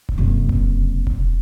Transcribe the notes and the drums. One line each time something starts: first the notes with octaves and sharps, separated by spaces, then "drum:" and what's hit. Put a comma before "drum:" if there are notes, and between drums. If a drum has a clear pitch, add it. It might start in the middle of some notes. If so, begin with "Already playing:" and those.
drum: kick E1
F#1 C3
drum: kick E1
drum: kick E1